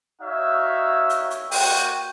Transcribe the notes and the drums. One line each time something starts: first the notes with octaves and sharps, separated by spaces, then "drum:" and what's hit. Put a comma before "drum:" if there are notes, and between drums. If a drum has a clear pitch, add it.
D#4 F#4 C#5 E5 F5
drum: hi-hat
drum: hi-hat
A#3 F#4 G5, drum: open hi-hat